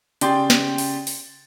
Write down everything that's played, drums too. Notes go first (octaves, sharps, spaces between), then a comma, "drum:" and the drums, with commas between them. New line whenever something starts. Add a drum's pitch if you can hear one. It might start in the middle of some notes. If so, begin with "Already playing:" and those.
C#3 G4 D5 G5 C6 A6, drum: hi-hat
drum: snare
drum: open hi-hat
drum: open hi-hat